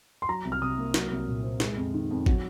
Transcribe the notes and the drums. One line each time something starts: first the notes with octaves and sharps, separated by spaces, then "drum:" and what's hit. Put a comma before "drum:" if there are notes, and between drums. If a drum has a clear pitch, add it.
C6
F#3 A#5
C2
F6
C3 D#6
A#3
F#3, drum: snare
C2
A#2
C4
G#3, drum: snare
F2
D#3
F2
F#3, drum: kick G#1